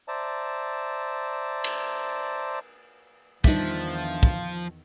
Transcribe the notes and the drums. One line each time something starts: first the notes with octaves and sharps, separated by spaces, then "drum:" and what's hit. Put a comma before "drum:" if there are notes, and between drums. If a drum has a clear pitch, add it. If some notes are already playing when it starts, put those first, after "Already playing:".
C5 D5 E5 A5 A#5
drum: cymbal
E2 D#3 F3 G3 D4 D#4 E5, drum: kick
drum: kick